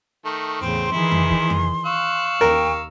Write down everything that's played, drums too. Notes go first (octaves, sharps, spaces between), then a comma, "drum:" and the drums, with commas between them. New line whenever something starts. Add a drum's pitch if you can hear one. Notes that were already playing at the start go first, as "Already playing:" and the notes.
D#3 A3
E2 A2 C#3 C4 C6
D#3 E3 E4 G#4
drum: tom F2
drum: kick
drum: tom F2
F5 C#6 E6 F#6
D#2 A#4 G5